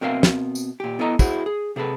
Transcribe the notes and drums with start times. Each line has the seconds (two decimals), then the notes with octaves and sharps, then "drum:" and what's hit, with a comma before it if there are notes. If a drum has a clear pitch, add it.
0.01 B2 C4 A#4 E5 F5
0.23 drum: snare
0.55 drum: tambourine
0.80 A#2 G4
0.99 B3 E4 A4 D#5 A#5
1.19 E4 F#4 G#4 C5, drum: kick, tambourine
1.46 G#4
1.76 C3 G#4 A4 B4